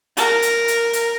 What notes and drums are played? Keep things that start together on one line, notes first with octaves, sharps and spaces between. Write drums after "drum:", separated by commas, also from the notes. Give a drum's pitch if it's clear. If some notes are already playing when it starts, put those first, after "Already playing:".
A#4, drum: hi-hat
drum: hi-hat
drum: hi-hat
drum: hi-hat